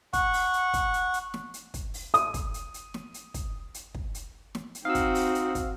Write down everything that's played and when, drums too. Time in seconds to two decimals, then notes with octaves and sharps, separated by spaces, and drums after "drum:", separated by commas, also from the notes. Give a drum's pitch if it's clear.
0.13 F#5 C#6, drum: kick, hi-hat
0.33 drum: open hi-hat
0.53 drum: hi-hat
0.73 drum: kick, hi-hat
0.94 drum: hi-hat
1.14 drum: hi-hat
1.34 drum: snare
1.54 drum: hi-hat
1.74 drum: kick, hi-hat
1.94 drum: open hi-hat
2.14 D#6, drum: hi-hat
2.34 drum: kick, hi-hat
2.54 drum: hi-hat
2.74 drum: hi-hat
2.94 drum: snare
3.14 drum: hi-hat
3.34 drum: kick, hi-hat
3.74 drum: hi-hat
3.94 drum: kick
4.15 drum: hi-hat
4.55 drum: snare
4.75 drum: hi-hat
4.85 C4 D#4 F#4 F5 E6
4.95 drum: kick, hi-hat
5.15 drum: open hi-hat
5.35 drum: hi-hat
5.55 drum: kick, hi-hat